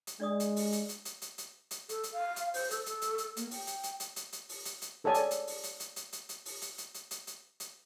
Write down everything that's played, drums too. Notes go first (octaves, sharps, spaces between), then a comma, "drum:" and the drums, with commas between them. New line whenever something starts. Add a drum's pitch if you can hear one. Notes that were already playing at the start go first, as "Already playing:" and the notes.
drum: hi-hat
G#3 D4 D5 D#6
drum: hi-hat
drum: open hi-hat
drum: hi-hat
drum: hi-hat
drum: hi-hat
drum: hi-hat
drum: hi-hat
drum: hi-hat
A4, drum: hi-hat
drum: hi-hat
F5
drum: hi-hat
C5, drum: open hi-hat
A4, drum: hi-hat
A4, drum: hi-hat
drum: hi-hat
drum: hi-hat
A#3, drum: hi-hat
G5, drum: open hi-hat
drum: hi-hat
drum: hi-hat
drum: hi-hat
drum: hi-hat
drum: hi-hat
drum: open hi-hat
drum: hi-hat
drum: hi-hat
G#4 A4 C#5 D5 G#5 A5
drum: hi-hat
drum: hi-hat
drum: open hi-hat
drum: hi-hat
drum: hi-hat
drum: hi-hat
drum: hi-hat
drum: hi-hat
drum: open hi-hat
drum: hi-hat
drum: hi-hat
drum: hi-hat
drum: hi-hat
drum: hi-hat
drum: hi-hat